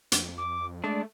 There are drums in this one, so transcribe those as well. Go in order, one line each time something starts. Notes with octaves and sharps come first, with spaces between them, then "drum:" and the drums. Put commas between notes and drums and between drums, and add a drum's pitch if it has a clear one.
F2, drum: hi-hat
D6
G#3 A3 D4 D5